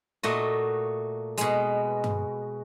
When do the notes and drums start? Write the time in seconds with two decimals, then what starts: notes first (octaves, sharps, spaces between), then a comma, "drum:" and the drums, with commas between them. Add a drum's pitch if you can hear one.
0.23 A#2 A3 F#4 D#5, drum: snare
1.37 B2 G#3, drum: hi-hat
2.04 drum: tom G2